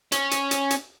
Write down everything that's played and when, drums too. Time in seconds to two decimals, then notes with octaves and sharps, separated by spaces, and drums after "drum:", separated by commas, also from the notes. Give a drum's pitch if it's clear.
0.12 C#4, drum: hi-hat
0.31 drum: hi-hat
0.51 drum: hi-hat
0.70 drum: hi-hat